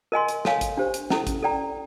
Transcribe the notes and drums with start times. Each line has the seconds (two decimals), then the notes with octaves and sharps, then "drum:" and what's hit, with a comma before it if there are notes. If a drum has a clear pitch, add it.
0.12 A#4 D#5 G#5 C6
0.28 drum: hi-hat
0.45 A4 C#5 F5 G#5, drum: snare
0.61 drum: kick A1, hi-hat
0.77 D4 G4 C5
0.94 drum: hi-hat
1.10 C#4 E4 A4, drum: snare
1.27 drum: kick A1, hi-hat
1.43 A4 D5 G5 A#5